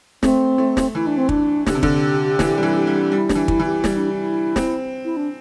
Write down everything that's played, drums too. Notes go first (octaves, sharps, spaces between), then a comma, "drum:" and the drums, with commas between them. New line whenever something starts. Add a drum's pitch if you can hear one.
A3 C4, drum: snare
A3
drum: snare
E3 E4
D4
C4
D4, drum: kick
D3 G4, drum: snare
C3
D3, drum: kick
E3, drum: snare
G3
E3
G3
G3 E4
D4, drum: snare
E3
E4, drum: kick
E3
G4
G3 E4, drum: snare
D4
E4
C4, drum: snare
E4
D4